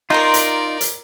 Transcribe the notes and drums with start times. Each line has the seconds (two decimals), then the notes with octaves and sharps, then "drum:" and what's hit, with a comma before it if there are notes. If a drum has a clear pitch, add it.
0.10 D#4 F4 A#4 D5 D#5 A#5 C6
0.34 drum: hi-hat
0.81 drum: hi-hat